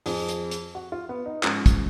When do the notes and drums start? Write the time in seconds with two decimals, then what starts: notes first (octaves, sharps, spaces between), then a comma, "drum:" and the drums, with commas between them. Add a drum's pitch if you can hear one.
0.06 F2 F3 G#4, drum: open hi-hat
0.29 drum: hi-hat
0.51 drum: hi-hat
0.75 F#4
0.92 F4
1.09 B3
1.26 D#4
1.43 G#2 F3 C#4, drum: clap
1.66 drum: kick, hi-hat